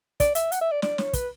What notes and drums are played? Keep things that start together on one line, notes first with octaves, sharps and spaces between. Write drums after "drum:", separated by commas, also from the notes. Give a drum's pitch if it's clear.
D5, drum: kick, hi-hat
E5, drum: hi-hat
F#5, drum: hi-hat
E5
D5
D5, drum: snare
C#5, drum: snare
B4, drum: kick, hi-hat